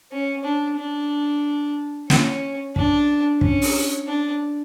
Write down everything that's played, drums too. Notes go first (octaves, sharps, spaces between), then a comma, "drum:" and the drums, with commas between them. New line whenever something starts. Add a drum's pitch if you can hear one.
C#4
D4
D4
C#4, drum: snare
D4, drum: kick
C#4, drum: kick
drum: open hi-hat
D4